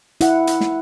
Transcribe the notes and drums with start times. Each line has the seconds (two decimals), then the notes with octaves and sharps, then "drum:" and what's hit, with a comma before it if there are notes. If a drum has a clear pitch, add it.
0.21 E4 F#5, drum: hi-hat
0.47 drum: hi-hat
0.61 drum: snare